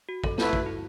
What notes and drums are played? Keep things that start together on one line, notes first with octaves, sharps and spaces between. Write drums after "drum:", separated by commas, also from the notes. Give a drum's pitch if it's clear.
F#4
A4, drum: kick
A3 E4 A4 B4, drum: snare
F#4, drum: kick
E4